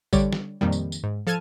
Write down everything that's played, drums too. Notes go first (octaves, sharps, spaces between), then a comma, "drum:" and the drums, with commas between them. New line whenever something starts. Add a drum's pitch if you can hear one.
D3 G3 C#5 D5, drum: kick A1, tambourine
drum: snare
F2 A#2 D#3 G3
drum: tambourine
drum: tambourine
G#2
F3 A4 A5 F6 G#6 D#7